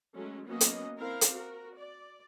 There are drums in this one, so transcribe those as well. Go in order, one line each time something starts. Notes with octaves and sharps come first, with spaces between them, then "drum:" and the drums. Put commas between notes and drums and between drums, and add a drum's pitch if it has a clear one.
F#3 G#3 A3 C#4
F#3 A#3 B3 C#4 F#4 D#5
drum: hi-hat
C4 E4 A#4 F5
drum: hi-hat
F#4 A#4
D5